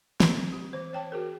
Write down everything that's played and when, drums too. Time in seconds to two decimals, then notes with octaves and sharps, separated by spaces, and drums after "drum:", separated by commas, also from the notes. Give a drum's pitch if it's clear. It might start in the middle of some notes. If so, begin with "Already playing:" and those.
0.20 C4, drum: snare
0.52 G4
0.73 E3 C5
0.93 C#5 G5 A5
1.12 F#4 G#4 A#4